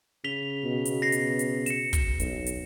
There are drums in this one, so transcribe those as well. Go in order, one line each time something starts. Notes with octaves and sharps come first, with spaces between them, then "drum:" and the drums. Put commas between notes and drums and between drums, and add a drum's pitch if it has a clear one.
C#3 B6 F7 G7
B2
drum: hi-hat
A#6 C7
drum: hi-hat
drum: hi-hat
C#7 E7, drum: hi-hat
drum: kick, hi-hat
B1, drum: hi-hat
drum: hi-hat